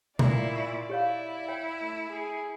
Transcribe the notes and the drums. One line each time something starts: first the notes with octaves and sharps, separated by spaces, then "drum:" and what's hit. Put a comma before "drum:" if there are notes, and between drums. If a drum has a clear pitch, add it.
A#2 E4 D5, drum: tom B2
C#6
E4 G4 C#5 F5
C#5 G5
A3
G#4